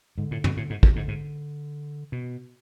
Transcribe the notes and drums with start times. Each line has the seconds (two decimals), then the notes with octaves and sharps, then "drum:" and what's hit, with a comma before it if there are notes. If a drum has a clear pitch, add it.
0.18 G#2 D3
0.31 A2
0.44 B2, drum: tom
0.57 A2
0.70 G#2
0.83 F2, drum: kick
0.95 G#2 D3
1.08 G#2
2.12 B2